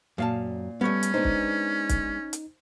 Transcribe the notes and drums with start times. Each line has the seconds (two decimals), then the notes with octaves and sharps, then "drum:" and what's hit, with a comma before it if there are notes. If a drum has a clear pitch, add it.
0.18 F#2 A#2 F5 A5
0.81 G3 A3 B3 C#4 C#6
1.03 drum: hi-hat
1.14 G#3 B3 D4 D#4 C5
1.24 drum: kick
1.89 drum: kick, hi-hat
2.33 drum: hi-hat